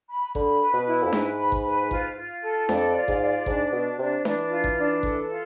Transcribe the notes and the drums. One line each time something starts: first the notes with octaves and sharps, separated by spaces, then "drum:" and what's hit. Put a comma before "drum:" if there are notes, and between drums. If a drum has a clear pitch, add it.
B5
D3 B5, drum: kick G#1
B4
B2
E4
F2
G#2 B4, drum: snare D4
B5
drum: kick G#1
B4
F4, drum: kick G#1
F4
A4
F2 D5, drum: snare D4
F4
G#2, drum: kick G#1
D5
G#2 D4, drum: kick G#1
B2 D4
C3 D4
E3 D4, drum: snare D4
F4
drum: kick G#1
D4
A4, drum: kick G#1
F4